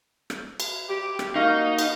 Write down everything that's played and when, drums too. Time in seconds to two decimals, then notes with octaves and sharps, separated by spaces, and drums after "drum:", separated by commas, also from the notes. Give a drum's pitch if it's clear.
0.30 drum: rim click
0.60 drum: cymbal
0.89 G4
1.19 drum: rim click
1.36 A#3 D#4 F#4 F5
1.79 drum: cymbal